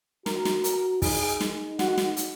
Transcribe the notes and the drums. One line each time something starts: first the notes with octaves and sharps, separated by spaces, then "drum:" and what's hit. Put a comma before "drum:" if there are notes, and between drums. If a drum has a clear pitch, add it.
F#4 A#4, drum: snare
drum: snare
A#4, drum: hi-hat
D#4 G#4, drum: kick, open hi-hat
drum: snare
F#4, drum: snare
drum: snare
drum: hi-hat